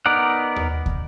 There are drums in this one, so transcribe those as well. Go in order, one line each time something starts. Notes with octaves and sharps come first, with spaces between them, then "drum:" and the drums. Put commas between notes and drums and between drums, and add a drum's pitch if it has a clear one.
B3 D#4 A#4 D5 F#5
drum: tom D#2
drum: kick